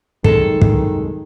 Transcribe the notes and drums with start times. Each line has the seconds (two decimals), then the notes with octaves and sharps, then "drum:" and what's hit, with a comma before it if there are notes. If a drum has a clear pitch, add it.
0.24 C2 F#2 D#3 G#3 A4, drum: kick
0.62 drum: kick